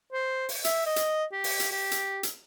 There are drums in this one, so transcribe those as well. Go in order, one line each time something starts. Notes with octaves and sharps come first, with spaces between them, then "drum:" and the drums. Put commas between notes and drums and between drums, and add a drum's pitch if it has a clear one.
C5
drum: open hi-hat
E5, drum: hi-hat
D#5
drum: hi-hat
G4
drum: open hi-hat
drum: hi-hat
G4
drum: hi-hat
drum: hi-hat